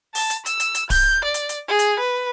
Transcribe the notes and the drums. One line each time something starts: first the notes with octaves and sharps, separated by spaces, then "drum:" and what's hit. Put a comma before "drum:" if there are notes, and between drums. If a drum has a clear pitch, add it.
A5, drum: open hi-hat
drum: hi-hat
E6, drum: hi-hat
drum: hi-hat
drum: hi-hat
G6, drum: kick D1, open hi-hat
D5
drum: hi-hat
drum: hi-hat
G#4
drum: hi-hat
B4